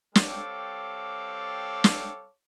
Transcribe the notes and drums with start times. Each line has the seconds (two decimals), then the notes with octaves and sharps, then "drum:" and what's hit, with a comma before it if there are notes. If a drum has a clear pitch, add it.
0.15 G3 C4 A4 C#5 F5 D6, drum: snare
1.84 drum: snare